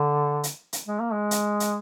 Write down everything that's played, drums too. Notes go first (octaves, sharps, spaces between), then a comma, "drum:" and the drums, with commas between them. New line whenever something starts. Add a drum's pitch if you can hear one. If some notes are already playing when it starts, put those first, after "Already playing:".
Already playing: D3
drum: hi-hat
drum: hi-hat
G#3
A#3
G#3
drum: hi-hat
drum: hi-hat